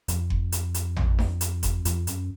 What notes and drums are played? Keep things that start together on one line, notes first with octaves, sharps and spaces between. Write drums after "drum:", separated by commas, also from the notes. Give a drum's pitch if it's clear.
F2, drum: hi-hat
drum: kick F#1
drum: hi-hat
drum: hi-hat
drum: tom
drum: snare D4
drum: hi-hat
drum: kick F#1, hi-hat
F2, drum: hi-hat
F#2, drum: hi-hat